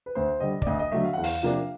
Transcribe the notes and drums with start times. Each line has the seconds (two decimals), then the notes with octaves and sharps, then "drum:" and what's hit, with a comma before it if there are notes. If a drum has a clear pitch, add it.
0.06 B4
0.15 D2 C5
0.40 D3 G3 D#5
0.62 D5, drum: kick
0.66 D2 D#5
0.79 D#5
0.92 D3 F#3 A3 E5
1.05 F5
1.13 E2 F#5
1.24 F5, drum: open hi-hat
1.43 C3 F3 A#3 D4